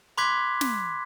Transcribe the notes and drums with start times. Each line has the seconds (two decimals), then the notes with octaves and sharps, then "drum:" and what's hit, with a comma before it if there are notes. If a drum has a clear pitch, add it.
0.17 B5 C6 D6 F#6 G#6 B6
0.61 drum: snare